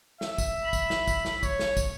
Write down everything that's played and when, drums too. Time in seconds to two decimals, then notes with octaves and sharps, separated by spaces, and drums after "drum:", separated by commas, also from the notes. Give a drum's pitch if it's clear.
0.21 E5, drum: snare
0.38 drum: kick, tambourine
0.64 B5
0.73 drum: kick, tambourine
0.90 drum: snare
1.08 drum: kick, tambourine
1.25 drum: snare
1.43 C#5, drum: kick, tambourine
1.59 drum: snare
1.77 drum: kick, tambourine